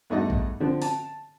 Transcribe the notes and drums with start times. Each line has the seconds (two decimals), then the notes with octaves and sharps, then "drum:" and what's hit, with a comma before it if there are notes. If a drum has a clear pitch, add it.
0.10 E2 G2 A3 D#4 F#4 D#5
0.30 drum: kick A1
0.60 D3 F3 C4
0.82 A5, drum: open hi-hat